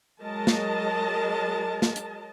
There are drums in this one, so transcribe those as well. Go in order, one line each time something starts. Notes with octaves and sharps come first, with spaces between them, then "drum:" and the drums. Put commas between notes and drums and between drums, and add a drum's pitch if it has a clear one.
F#3 G#3 A#4 D#5 A5
drum: snare
drum: snare
drum: hi-hat